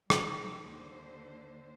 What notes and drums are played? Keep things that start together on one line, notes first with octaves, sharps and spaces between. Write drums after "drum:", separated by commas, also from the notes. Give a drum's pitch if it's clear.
D#3 G3, drum: rim click
D#2 D3 C5